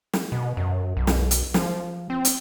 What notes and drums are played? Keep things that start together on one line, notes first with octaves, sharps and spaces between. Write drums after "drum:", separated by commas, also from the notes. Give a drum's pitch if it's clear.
drum: snare
B2
F#2
B1
drum: snare
drum: hi-hat
F3, drum: snare
C4
drum: hi-hat